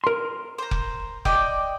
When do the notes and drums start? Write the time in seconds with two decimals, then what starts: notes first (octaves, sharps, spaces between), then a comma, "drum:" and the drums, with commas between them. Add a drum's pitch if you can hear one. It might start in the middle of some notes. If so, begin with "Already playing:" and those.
0.04 A#4 C6
0.58 C5 A#5
0.71 drum: kick F1
1.25 D5 D#5 G5, drum: kick F1